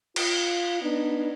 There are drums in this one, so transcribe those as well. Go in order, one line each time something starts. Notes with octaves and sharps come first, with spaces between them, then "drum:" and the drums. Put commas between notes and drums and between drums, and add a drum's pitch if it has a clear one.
F4, drum: cymbal
B3 D4 D#4